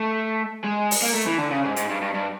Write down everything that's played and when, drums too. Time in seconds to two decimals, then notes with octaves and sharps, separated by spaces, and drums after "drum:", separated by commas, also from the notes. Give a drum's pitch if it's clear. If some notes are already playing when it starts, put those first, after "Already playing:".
Already playing: A3
0.64 G#3
0.91 drum: open hi-hat
1.02 A#3
1.14 A3
1.27 E3
1.38 D3
1.51 C#3
1.64 G#2
1.76 G#2, drum: hi-hat
1.89 G2
2.01 G2
2.14 G2